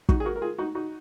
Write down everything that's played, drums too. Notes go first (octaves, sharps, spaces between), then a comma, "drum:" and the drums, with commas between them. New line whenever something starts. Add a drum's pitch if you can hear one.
D#4 F#4, drum: kick
G#4
F#4 A#4
A#4
F4 G#4
D#4 F#4
D#4 F#4